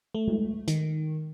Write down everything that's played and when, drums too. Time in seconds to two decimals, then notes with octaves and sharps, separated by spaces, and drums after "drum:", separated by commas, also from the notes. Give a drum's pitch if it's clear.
0.15 A3
0.28 drum: tom G#3
0.68 D#3, drum: hi-hat